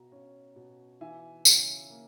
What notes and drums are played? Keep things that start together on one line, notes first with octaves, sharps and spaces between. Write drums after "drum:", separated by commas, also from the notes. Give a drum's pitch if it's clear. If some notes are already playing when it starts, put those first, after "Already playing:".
Already playing: B2 A#5
C#4
B2
E3 E5 G#5
C#3, drum: tambourine
A#3